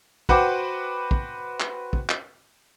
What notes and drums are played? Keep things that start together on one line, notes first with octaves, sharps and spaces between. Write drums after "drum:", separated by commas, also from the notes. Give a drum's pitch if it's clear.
F#4 B4 C5 F#5 G5 D6, drum: kick
drum: kick
drum: clap
drum: kick
drum: clap